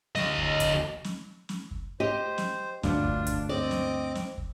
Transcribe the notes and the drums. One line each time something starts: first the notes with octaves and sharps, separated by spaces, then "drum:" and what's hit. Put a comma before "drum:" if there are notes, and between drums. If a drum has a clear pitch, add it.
D2 D#5, drum: snare
drum: kick
drum: kick, hi-hat
drum: snare
drum: snare
drum: kick
G4 C5 D#5
drum: snare
D2 G2 A#2 D4 F4, drum: snare
drum: kick
drum: kick, hi-hat
C4 D5 D#5 D6
drum: snare
drum: snare
drum: kick